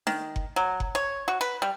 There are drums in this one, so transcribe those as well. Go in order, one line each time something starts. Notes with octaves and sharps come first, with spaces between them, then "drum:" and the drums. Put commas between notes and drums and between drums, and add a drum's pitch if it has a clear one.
D#3, drum: snare D4
drum: kick F#1
F#3
drum: kick F#1
C#5
F#4
B4
G3